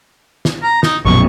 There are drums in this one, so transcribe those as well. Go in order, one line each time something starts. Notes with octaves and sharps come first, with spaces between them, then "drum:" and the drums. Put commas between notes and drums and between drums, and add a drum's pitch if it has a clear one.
drum: snare
A#5
D#4, drum: snare
A#1 F#2 B2 C#6